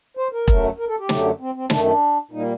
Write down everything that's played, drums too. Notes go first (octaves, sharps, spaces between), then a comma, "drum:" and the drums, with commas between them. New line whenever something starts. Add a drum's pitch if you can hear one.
C5
A#4
F#2 F#3 A3, drum: kick E1
A#4
A4
G4
F#2 D3 F#3 A3, drum: snare
C4
C4
F#2 D#3 A3 D4, drum: snare
D4
A#2 G3 A#3 D#4